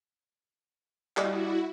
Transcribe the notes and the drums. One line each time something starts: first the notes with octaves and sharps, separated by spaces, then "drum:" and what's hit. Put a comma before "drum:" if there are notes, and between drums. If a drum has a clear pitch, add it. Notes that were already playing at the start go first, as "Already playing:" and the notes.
G3 E4 F#4 D5 D#5, drum: clap